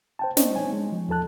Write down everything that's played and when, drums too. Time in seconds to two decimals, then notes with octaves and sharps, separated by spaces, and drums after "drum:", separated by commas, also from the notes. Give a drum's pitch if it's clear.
0.19 C5 G5 A5
0.37 D4 D#4 C5 C#5 D#5, drum: snare
0.56 G#5
0.73 G#3
0.92 F3
1.09 E2 F3 A4 A5 F#6